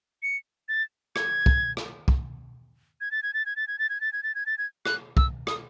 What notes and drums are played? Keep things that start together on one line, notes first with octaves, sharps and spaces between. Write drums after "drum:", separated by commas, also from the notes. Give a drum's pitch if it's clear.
C#7
A6
G#6, drum: rim click
drum: kick
drum: rim click
drum: kick
G#6
A6
G#6
A6
G#6
A6
G#6
A6
G#6
A6
G#6
A6
G#6
A6
G#6
F#6, drum: rim click
E6, drum: kick
D#6, drum: rim click